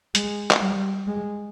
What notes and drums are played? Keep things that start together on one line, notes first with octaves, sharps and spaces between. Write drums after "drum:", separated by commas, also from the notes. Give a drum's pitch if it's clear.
G#3, drum: hi-hat
drum: clap
G3
G#3